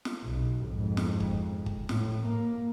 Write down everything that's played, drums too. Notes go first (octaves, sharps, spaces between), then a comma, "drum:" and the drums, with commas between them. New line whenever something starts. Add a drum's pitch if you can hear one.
drum: snare
B1
F2 G#2
drum: snare
drum: kick
drum: kick
A2, drum: snare
A#3